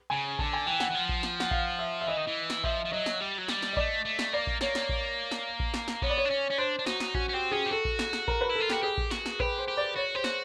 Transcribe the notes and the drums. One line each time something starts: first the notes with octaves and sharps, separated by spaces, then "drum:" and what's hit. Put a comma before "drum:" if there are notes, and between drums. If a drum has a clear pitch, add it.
C#3 G#5
D3 A5, drum: kick A1
G#5
E3 G5
F#5, drum: snare
E3
F3
drum: kick A1
drum: snare
F#5, drum: snare
F5, drum: kick A1
E5
E5
E3 D#5
D#3
E3
drum: snare
F3 E5, drum: kick A1
F3
F#3 D#5
drum: snare
G3
F#3
G3, drum: snare
drum: snare
D#5
A3 D5, drum: kick A1
A3
drum: snare
A#3 D5
drum: kick A1
A#3 C#5, drum: snare
drum: snare
drum: kick A1
drum: snare
drum: kick A1
drum: snare
drum: snare
B3 C#5, drum: kick A1
D5
C#5
D4
C#4
C#4
D4 C5
D4
D#4 F#4, drum: snare
drum: snare
C#4 F#4, drum: kick A1
C#4
C4 G4
C#4 G#4
G4
F#4 A4
drum: kick A1
drum: snare
drum: snare
A#4, drum: kick A1
B4
E4 A4
F4
G4, drum: snare
F#4
G4 G#4
drum: kick A1
F#4, drum: snare
drum: snare
G4 B4, drum: kick A1
C5
G4
D5
F#4 C#5
G4 C5
F#4, drum: snare